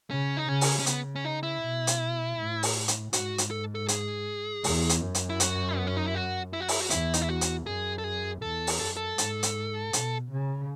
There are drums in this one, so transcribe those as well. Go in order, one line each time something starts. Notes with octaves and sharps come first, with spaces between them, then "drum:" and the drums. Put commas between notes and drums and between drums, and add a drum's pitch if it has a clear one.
C#3 C#4
D#4
C#3 C#4
drum: open hi-hat
C#4
C#3 B3, drum: hi-hat
C#4
D#4
E4
B2
drum: hi-hat
A2
drum: open hi-hat
drum: hi-hat
G#2 F#4, drum: hi-hat
drum: hi-hat
A4
A4
G#4, drum: hi-hat
E2, drum: open hi-hat
drum: hi-hat
F#2
drum: hi-hat
E4
F#4, drum: hi-hat
B3
C#4
D#4
E4
F#4
E4
F#4
E4, drum: open hi-hat
F#4
E2 E4, drum: hi-hat
D#4, drum: hi-hat
E4
F#4
drum: hi-hat
F#2 G#4
A4
G#4
E2 A4
drum: open hi-hat
F#2 A4
A4
G#2, drum: hi-hat
drum: hi-hat
B2, drum: hi-hat
C#3